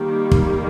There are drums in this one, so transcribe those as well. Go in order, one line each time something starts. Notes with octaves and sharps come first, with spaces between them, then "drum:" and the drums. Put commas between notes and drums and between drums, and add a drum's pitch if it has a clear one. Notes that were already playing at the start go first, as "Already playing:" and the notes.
Already playing: D#3 G3 A#3
drum: kick